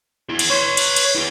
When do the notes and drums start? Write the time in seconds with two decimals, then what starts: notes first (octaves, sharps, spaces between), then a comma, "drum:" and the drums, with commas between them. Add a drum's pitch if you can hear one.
0.29 E4 G#4
0.39 drum: cymbal
0.50 B4 C#5 C6
0.77 drum: cymbal
0.96 drum: cymbal
1.16 E4 G#4